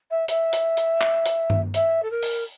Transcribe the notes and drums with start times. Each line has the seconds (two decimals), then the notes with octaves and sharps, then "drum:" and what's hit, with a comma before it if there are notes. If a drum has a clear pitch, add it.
0.10 E5
0.28 E5, drum: hi-hat
0.53 drum: hi-hat
0.77 drum: hi-hat
1.01 drum: clap
1.26 drum: hi-hat
1.50 drum: tom G2
1.74 E5, drum: hi-hat
2.02 A4
2.11 A#4
2.23 drum: open hi-hat